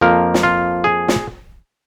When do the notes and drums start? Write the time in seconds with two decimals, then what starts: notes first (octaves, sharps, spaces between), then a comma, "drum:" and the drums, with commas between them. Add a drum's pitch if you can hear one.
0.01 F2 F3 A#3 A#4
0.34 drum: snare
0.43 F4
0.84 G#4
1.08 drum: snare